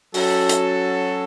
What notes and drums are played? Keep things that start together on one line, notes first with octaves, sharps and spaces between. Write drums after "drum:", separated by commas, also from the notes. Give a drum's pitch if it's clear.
F#3 C#4 F#4 A4, drum: open hi-hat
drum: hi-hat